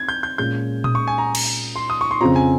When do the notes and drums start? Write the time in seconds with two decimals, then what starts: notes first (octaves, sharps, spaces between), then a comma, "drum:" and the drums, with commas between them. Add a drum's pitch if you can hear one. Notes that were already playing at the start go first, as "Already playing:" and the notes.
Already playing: C4 G#6
0.09 G6
0.23 G6
0.38 A#2 G#3 C#4 F4 G6
0.84 D#6, drum: tom A#2
0.95 C#6
1.08 G#5
1.18 A#5
1.35 drum: cymbal
1.76 C6
1.90 D#6
2.01 C#6
2.11 C6
2.21 F2 C#3 F3 C4 F4 A#5
2.36 G#5